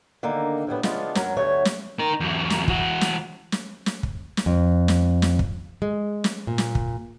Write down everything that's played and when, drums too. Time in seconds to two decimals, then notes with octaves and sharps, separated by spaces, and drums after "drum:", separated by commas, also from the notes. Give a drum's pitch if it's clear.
0.23 D3 D#3 A#3
0.67 A2 F#3 G3 B3
0.83 C#3 E3 G#3 B3 D4 F4, drum: snare
1.15 F#2 F#3 A#4, drum: snare
1.36 D2 G2 F#3 A3 C#5 G#5
1.65 drum: snare
1.99 D#4 A#4
2.20 E2 F#3
2.50 drum: snare
2.68 E3 F#4, drum: kick
3.01 drum: snare
3.52 drum: snare
3.86 drum: snare
4.03 drum: kick
4.37 drum: snare
4.46 F2
4.88 drum: snare
5.22 drum: snare
5.39 drum: kick
5.82 G#3
6.24 drum: snare
6.47 A#2
6.58 drum: snare
6.75 drum: kick